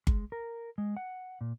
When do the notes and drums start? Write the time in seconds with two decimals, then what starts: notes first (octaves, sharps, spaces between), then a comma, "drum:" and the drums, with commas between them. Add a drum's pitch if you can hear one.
0.07 G#3, drum: kick G1
0.32 A#4
0.78 G#3
0.97 F#5
1.41 A#2